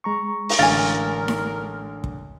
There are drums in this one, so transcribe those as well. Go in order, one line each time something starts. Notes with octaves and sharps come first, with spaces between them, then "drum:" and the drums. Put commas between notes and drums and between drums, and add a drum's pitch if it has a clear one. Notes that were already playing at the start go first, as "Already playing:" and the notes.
G#3 A#5 C#6
drum: open hi-hat
A1 D3 A#4 F5 G#5 A6
drum: snare D#4
drum: kick